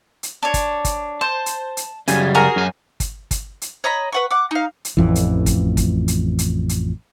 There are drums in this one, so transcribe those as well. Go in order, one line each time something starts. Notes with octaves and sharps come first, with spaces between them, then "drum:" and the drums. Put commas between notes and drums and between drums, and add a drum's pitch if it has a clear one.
drum: hi-hat
D4 C#5
drum: kick, hi-hat
drum: kick, hi-hat
C5 A5
drum: hi-hat
drum: hi-hat
F#2 C#3 G3 G#5, drum: hi-hat
F#4 G#4 A#4
F#2 G#5
drum: kick, hi-hat
drum: kick, hi-hat
drum: hi-hat
C#5 D#5 A#5 B5
B4 F#5 C#6
F#5 D6
D#4 F5
drum: hi-hat
A1 F2 E3
drum: hi-hat
drum: kick, hi-hat
drum: kick, hi-hat
drum: hi-hat
drum: hi-hat
drum: hi-hat